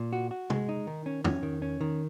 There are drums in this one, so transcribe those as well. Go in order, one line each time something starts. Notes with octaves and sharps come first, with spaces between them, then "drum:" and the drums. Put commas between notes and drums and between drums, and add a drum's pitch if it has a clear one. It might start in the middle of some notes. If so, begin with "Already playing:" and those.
Already playing: A#2
F#4
F#4
G#3, drum: tom C3
D#4
D#3
C#4
C#4, drum: tom
D#3
C#4
D#3